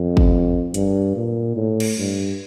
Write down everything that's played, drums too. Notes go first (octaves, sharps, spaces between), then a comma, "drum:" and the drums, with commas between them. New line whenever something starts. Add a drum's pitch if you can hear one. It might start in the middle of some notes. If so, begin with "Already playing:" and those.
Already playing: F2
drum: kick
G2, drum: hi-hat
A#2
A2
drum: cymbal
G2